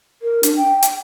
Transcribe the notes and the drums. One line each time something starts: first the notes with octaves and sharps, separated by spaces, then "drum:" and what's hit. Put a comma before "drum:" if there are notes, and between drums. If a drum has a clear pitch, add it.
A#4
D4, drum: hi-hat
G5
drum: hi-hat